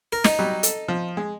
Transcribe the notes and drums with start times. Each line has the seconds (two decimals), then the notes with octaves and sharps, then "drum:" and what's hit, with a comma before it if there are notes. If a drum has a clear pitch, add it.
0.13 A#4
0.24 D#4, drum: snare
0.39 F#3 G3
0.63 A4, drum: hi-hat
0.88 F3
1.17 G#3